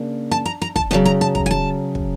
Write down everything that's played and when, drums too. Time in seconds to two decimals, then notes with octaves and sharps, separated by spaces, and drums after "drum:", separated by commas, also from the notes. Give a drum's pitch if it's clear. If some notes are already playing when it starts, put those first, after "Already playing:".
Already playing: C#3 A#3 D4
0.31 A5
0.46 A#5
0.62 A#5
0.76 A5, drum: kick
0.91 D2 C#3 F#3 A5
1.05 A#5
1.21 A5
1.35 A#5, drum: kick
1.46 G#5
1.51 A5
1.95 drum: kick